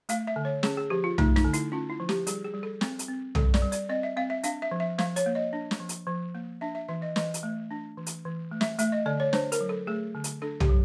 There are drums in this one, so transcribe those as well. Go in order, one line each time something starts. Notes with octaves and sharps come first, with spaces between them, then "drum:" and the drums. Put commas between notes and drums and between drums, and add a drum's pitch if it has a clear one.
A3 F5, drum: hi-hat
E5
D3
C#5
C#4 G#4, drum: snare
G#4
F3 G4
F4
A3 D#4, drum: tom B1
D#4, drum: snare
D3
E4, drum: hi-hat
C#4 F4
E4
F3
G4, drum: snare
G3 G#4, drum: hi-hat
G#4
G3
A4
C4, drum: snare
drum: hi-hat
C4
G3 A4, drum: tom B1
D5, drum: snare
G3
D5, drum: hi-hat
C4 D#5
E5
C4 F5
E5
D4 F5, drum: hi-hat
E5
F3
E5
F3 F5, drum: snare
C#5, drum: hi-hat
A#3
D#5
D4
drum: snare
F3
drum: hi-hat
F3
A#3
D4 E5
E5
E3 E5
D#5
E3 D#5, drum: snare
drum: hi-hat
A3
D4
E3
drum: hi-hat
E3
A3
E5, drum: snare
A3 E5, drum: hi-hat
D#5
D3 D5
C#5
D4 C5, drum: snare
A#4, drum: hi-hat
F#3
A4
A3 G#4
D3
drum: hi-hat
D4 A4
G4, drum: tom B1
F#3